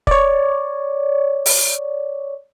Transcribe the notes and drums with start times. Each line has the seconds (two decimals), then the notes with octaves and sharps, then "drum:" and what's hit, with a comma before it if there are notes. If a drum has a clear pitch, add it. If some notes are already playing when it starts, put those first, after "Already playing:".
0.07 C#5 D5, drum: kick
1.46 drum: open hi-hat